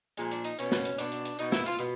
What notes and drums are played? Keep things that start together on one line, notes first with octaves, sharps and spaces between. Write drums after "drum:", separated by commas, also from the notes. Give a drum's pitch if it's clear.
A#2 F3 G#3, drum: hi-hat
D4, drum: hi-hat
D#4, drum: hi-hat
B2 C#4, drum: hi-hat
drum: snare
drum: hi-hat
B2 D4, drum: hi-hat
drum: hi-hat
drum: hi-hat
B2 D#4, drum: hi-hat
E4, drum: snare
F4, drum: hi-hat
B2, drum: hi-hat